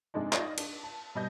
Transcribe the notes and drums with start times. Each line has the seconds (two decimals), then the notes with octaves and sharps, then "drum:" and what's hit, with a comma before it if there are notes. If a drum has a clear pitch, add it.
0.14 F2 C3 G#3 D4 D#4
0.33 D#4 F4 D5 D#5, drum: clap
0.58 D4, drum: cymbal
0.83 A5
1.15 B2 G3 D#5 G6